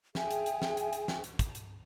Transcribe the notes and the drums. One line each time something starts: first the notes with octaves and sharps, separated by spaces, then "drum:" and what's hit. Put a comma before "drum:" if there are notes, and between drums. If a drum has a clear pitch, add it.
G#4 E5 G5 G#5, drum: snare
drum: hi-hat
drum: hi-hat
drum: snare
drum: hi-hat
drum: hi-hat
drum: snare
drum: hi-hat
drum: kick, hi-hat
drum: hi-hat